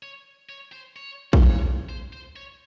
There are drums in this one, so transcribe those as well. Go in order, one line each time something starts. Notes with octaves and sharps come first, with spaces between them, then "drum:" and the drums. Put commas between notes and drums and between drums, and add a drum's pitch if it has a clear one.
C#5
C#5
C5
C#5
C5, drum: kick A#1
C#5
C5
C5
C#5